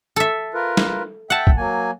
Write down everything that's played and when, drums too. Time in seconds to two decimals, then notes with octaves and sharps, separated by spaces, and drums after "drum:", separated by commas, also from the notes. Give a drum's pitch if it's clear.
0.16 A4 E5
0.54 F4 A#4 B4
0.77 drum: snare
1.30 E5 F#5 G5 A5
1.47 drum: kick
1.57 F#3 A#3 G#5